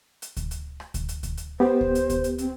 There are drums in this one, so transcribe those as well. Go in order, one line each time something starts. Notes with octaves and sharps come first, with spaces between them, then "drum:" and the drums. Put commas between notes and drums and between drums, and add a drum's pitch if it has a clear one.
drum: hi-hat
drum: kick D2, hi-hat
drum: hi-hat
drum: rim click
drum: kick D2, hi-hat
drum: hi-hat
drum: kick D2, hi-hat
drum: hi-hat
B3 G4 C5
drum: kick D2
drum: hi-hat
drum: kick D2, hi-hat
drum: hi-hat
C4, drum: hi-hat